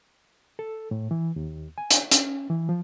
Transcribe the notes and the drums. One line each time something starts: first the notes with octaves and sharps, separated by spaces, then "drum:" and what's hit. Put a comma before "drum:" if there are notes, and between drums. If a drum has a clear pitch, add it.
A4
A2
E3
D#2
G#5
drum: hi-hat
C#4, drum: hi-hat
E3
F3